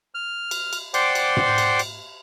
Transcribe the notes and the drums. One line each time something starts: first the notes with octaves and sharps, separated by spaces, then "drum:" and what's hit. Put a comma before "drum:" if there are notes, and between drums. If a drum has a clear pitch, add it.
F6
drum: cymbal
drum: cymbal
C5 D5 F#5 G5 C6 D6, drum: cymbal
drum: cymbal
drum: tom
drum: cymbal
drum: cymbal